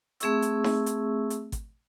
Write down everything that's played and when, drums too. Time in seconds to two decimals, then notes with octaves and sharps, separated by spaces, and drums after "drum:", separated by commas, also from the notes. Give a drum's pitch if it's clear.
0.20 A3 C4 G#4 E5 C#6 E6, drum: hi-hat
0.42 drum: hi-hat
0.64 drum: snare D#4
0.86 drum: hi-hat
1.30 drum: hi-hat
1.52 drum: kick, hi-hat